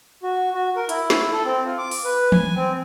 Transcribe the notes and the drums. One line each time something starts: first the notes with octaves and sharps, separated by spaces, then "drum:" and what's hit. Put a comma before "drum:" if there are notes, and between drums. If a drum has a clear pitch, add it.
F#4
F#4
A#4
E4, drum: hi-hat
drum: snare
A4
C4
F4
D6
drum: open hi-hat
B4
G#5, drum: tom E3
C4